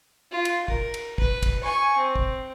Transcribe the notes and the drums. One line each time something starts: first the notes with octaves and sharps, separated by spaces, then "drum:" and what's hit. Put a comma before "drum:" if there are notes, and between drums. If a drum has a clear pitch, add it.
F4
drum: cymbal
A#4, drum: kick
drum: cymbal
B4, drum: kick
drum: kick, cymbal
G#5 C#6
C4
drum: kick